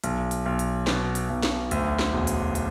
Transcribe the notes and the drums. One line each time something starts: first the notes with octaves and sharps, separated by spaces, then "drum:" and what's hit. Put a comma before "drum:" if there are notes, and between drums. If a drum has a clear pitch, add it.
B1, drum: hi-hat
drum: hi-hat
B1
drum: hi-hat
B2, drum: snare
drum: hi-hat
B1
drum: snare
D2, drum: hi-hat
drum: snare
E1
drum: hi-hat
drum: hi-hat